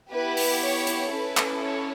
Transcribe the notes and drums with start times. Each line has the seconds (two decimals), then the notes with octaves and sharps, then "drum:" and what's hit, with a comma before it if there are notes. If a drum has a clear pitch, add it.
0.12 B3 E4 G4 B4
0.37 drum: open hi-hat
0.62 C#5
0.87 drum: hi-hat
1.12 C#4 E4 A4 B4
1.37 drum: clap
1.62 C#5